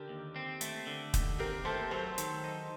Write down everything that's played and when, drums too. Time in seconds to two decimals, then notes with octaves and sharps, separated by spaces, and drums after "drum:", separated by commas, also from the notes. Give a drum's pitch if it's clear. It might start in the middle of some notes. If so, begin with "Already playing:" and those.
Already playing: D3 G4 A#4
0.09 D#2
0.36 C4
0.61 A3, drum: hi-hat
0.87 D3
1.14 D#2, drum: kick, hi-hat
1.39 C4 G4 A#4
1.65 A3 A4 C5
1.91 F#3 A4 C5
2.18 D#3, drum: hi-hat
2.44 D#4